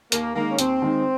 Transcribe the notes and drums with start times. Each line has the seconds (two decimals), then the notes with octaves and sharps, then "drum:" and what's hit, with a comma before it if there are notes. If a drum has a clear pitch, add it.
0.12 D#2 A#3, drum: hi-hat
0.36 D#3 G#3 A#3 D#4
0.51 C#4
0.59 D#2 C4, drum: hi-hat
0.82 D#3 G#3 D#4